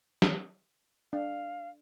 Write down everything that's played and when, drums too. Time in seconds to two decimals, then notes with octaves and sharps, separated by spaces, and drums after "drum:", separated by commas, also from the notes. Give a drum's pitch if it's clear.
0.22 drum: snare
1.13 D4 F5